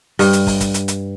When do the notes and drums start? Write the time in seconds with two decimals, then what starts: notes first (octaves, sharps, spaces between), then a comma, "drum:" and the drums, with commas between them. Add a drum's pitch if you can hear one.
0.19 G2, drum: open hi-hat
0.33 drum: hi-hat
0.47 drum: kick, open hi-hat
0.60 drum: kick, hi-hat
0.74 drum: hi-hat
0.88 drum: hi-hat